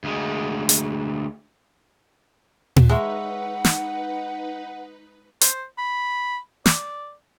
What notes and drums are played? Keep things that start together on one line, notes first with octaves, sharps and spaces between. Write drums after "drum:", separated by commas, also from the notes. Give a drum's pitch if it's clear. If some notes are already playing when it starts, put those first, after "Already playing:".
D2 G#3
drum: hi-hat
drum: tom A#2
G#3 D#4 B4 C#5 E5 F#5 A#5
drum: snare
C5, drum: hi-hat
B5
D5, drum: snare